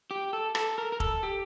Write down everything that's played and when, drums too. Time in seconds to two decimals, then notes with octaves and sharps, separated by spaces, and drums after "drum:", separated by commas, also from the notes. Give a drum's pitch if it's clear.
0.11 G4
0.33 A4
0.55 A4, drum: rim click
0.78 A#4
0.92 A#4
1.00 A4, drum: kick E1
1.23 G4